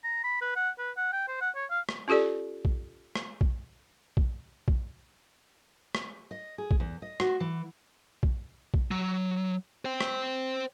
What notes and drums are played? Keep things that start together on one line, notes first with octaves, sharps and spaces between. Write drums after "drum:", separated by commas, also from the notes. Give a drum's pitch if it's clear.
A#5
B5
B4
F#5
B4
F#5
G5
C5
F#5
C#5
F5
drum: rim click
C#4 F4 G4 A4 D5
drum: kick A#1
drum: rim click
drum: kick A#1
drum: kick A#1
drum: kick A#1
drum: rim click
D#5
G#4
drum: kick A#1
E2
D#5
F#4, drum: rim click
E3
drum: kick A#1
drum: kick A#1
F#3
C5 G5
drum: rim click